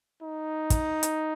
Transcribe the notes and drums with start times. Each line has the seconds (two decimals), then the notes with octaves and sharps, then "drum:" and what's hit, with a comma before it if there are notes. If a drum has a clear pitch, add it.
0.22 D#4
0.70 drum: kick, hi-hat
1.03 drum: hi-hat